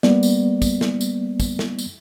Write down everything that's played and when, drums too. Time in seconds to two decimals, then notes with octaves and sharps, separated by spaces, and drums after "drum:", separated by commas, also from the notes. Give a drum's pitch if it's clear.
0.03 G3 A#3 B3 D5, drum: snare
0.23 drum: tambourine
0.62 drum: kick, tambourine
0.81 drum: snare
1.01 drum: tambourine
1.40 drum: kick, tambourine
1.59 drum: snare
1.79 drum: tambourine